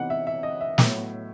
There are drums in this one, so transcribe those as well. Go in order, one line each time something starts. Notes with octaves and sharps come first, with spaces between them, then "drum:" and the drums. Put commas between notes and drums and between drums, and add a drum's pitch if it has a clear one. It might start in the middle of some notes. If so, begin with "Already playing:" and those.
Already playing: C3 E3 B3 D#4 F#5
E5
E5
D#5
E5
A2 F#3 B3, drum: snare